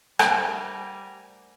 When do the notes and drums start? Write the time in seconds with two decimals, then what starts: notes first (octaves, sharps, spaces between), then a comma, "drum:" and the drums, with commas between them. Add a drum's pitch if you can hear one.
0.19 G3 A3 D4 A#4 C5 F#5 G#5 A#5, drum: rim click